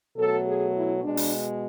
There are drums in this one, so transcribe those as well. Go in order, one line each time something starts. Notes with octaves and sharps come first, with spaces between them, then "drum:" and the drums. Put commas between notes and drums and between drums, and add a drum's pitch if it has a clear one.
B2 F#3 A3 A4
G#4
E4
B2 G#3 D4
drum: open hi-hat